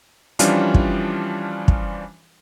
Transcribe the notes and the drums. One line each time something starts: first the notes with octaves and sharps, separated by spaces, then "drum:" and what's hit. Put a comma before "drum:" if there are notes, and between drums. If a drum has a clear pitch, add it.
E3 F3 G3 C#4 D4 F4, drum: hi-hat
drum: kick
drum: kick